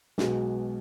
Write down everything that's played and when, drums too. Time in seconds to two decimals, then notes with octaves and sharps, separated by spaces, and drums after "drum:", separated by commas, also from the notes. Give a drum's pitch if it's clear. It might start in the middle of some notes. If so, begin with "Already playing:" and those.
0.18 B1 B2 G#3, drum: snare